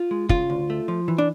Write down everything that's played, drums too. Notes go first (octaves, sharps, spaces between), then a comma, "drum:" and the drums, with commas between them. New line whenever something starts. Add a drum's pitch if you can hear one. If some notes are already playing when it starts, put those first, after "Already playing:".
Already playing: F4
G#3
C#3 F4, drum: kick
D2
A3
F3
E3
D4